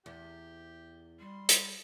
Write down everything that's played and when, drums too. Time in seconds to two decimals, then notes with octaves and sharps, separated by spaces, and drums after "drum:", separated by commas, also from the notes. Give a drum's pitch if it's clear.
0.06 E2 G4
1.20 G3 C6
1.49 drum: hi-hat